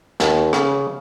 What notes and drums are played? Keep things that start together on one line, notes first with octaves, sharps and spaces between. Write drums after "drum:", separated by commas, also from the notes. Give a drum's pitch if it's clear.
D#2, drum: snare
C#3, drum: rim click